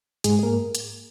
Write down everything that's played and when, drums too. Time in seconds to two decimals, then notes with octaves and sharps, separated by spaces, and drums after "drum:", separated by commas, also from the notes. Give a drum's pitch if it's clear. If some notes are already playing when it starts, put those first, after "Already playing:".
0.24 G#2 G#3 G#4, drum: hi-hat
0.39 G#4
0.43 A#3 A#4
0.75 drum: hi-hat